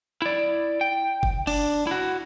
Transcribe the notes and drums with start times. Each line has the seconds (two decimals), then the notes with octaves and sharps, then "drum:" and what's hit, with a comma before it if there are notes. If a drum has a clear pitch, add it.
0.22 E4 D5
0.81 G5
1.23 drum: kick F#1
1.47 D4, drum: cymbal
1.87 E4 F#4